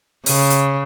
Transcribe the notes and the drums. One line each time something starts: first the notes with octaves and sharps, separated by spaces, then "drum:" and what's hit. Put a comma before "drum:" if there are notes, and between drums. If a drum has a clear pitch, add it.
C#3, drum: open hi-hat
drum: hi-hat